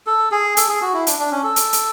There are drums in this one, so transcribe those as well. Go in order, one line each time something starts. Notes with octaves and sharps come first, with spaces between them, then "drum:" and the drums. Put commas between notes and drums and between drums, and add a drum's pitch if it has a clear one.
A4
G#4
A4, drum: hi-hat
G#4
F#4
E4
D4, drum: hi-hat
D4
C#4
A4
drum: hi-hat
drum: hi-hat